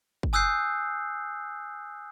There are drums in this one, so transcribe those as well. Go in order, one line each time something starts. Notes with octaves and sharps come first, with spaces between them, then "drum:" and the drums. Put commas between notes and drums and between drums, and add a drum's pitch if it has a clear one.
drum: kick
G#5 D#6 E6 F#6 G6 C7